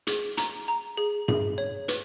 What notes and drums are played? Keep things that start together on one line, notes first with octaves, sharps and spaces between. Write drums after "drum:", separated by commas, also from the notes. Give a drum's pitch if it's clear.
G#4, drum: hi-hat
A#5, drum: hi-hat
A#5
G#4
G#4, drum: tom G2
C#5
B4, drum: hi-hat